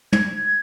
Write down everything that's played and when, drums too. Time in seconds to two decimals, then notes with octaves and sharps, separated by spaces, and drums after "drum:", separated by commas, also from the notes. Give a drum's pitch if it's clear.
0.13 G#6, drum: tom